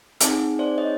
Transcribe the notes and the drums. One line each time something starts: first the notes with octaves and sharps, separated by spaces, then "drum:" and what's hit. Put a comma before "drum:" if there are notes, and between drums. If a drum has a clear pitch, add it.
C4 D#4 G#4, drum: hi-hat
C5 D5
C#5 D#5